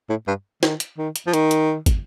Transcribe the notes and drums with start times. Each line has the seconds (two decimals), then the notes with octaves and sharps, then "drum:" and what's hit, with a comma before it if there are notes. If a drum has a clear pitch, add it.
0.09 A2
0.27 G2
0.63 D#3, drum: snare
0.80 drum: hi-hat
0.98 D#3
1.16 drum: hi-hat
1.27 F3
1.34 D#3, drum: hi-hat
1.51 drum: hi-hat
1.86 drum: kick, hi-hat